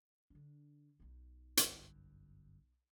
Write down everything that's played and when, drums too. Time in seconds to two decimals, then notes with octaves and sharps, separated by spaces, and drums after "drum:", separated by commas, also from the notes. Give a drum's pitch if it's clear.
0.30 D3 D4
1.00 B1 D#4
1.57 G1 F#2, drum: hi-hat